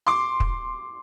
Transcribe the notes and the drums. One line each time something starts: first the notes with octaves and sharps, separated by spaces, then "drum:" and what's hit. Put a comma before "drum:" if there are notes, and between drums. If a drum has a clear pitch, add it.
C6 D6
drum: kick